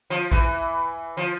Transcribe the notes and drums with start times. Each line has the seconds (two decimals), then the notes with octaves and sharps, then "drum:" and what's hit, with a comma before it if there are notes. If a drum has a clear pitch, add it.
0.10 F3
0.32 E3, drum: kick A1
1.17 F3